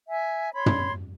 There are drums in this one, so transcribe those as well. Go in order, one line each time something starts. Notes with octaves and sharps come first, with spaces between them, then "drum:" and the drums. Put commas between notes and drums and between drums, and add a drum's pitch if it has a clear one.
E5 G#5
C#5 B5 C6
drum: tom